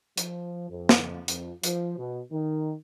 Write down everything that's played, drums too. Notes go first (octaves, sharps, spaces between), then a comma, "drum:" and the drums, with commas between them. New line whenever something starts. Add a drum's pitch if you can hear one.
F3, drum: hi-hat
F2
drum: snare
F2, drum: hi-hat
F3, drum: hi-hat
B2
D#3